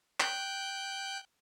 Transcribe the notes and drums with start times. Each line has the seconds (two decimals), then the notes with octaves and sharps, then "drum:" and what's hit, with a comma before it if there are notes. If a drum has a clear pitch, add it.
0.20 G5 F#6 G6, drum: clap